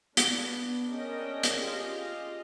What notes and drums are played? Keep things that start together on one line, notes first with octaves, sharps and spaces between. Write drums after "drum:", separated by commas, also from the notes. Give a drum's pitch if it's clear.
B3 D4, drum: hi-hat
C#4 D4 G#4 A#4 D#5 G5
drum: hi-hat
F4 G4 G#4 D#5 F5